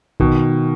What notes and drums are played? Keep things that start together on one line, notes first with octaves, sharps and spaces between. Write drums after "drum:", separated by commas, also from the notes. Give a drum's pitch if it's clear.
B2 D#3, drum: kick A#1